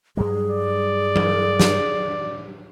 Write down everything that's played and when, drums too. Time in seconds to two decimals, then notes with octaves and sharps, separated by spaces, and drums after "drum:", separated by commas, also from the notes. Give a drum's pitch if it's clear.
0.17 G2 F#3 G3 G#4
0.50 D5
1.16 drum: tom F#3
1.60 drum: snare